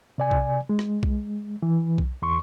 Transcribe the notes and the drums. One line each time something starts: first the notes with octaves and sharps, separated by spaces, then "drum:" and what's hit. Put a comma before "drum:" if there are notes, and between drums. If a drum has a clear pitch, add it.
C3 D5 G#5
drum: kick B1
G#3
drum: rim click
drum: kick B1
E3
drum: kick B1
E2 C6 C#6